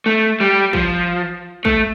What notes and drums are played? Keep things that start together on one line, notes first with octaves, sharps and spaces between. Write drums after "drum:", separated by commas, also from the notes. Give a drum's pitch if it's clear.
A3
G3
F3, drum: kick
A3, drum: kick